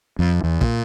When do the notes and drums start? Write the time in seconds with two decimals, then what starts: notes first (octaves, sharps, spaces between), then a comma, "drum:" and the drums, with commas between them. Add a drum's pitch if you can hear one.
0.19 F2
0.44 E2
0.61 A#2, drum: kick